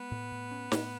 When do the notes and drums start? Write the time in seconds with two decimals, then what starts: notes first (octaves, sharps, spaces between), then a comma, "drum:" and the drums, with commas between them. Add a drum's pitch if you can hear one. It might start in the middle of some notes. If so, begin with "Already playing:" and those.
Already playing: G#3 B3
0.11 A2
0.32 A2
0.51 C#4
0.72 A2, drum: snare